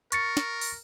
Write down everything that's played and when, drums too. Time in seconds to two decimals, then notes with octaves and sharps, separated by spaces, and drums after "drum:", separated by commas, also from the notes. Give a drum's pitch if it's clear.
0.12 A#4 C#6 A6 C#7, drum: hi-hat
0.37 drum: snare
0.61 drum: open hi-hat